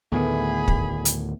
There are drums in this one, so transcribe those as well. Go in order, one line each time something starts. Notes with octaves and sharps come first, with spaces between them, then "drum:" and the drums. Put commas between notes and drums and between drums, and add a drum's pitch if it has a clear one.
D2 A2 D#3 A3 B3 G#4 B5
drum: kick
drum: hi-hat